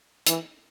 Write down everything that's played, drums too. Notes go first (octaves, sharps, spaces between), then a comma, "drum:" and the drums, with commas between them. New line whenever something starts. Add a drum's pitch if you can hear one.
E3, drum: hi-hat